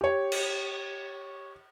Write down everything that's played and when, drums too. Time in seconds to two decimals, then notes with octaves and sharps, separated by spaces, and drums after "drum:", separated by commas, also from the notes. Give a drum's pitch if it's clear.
0.01 G4 C#5
0.32 drum: cymbal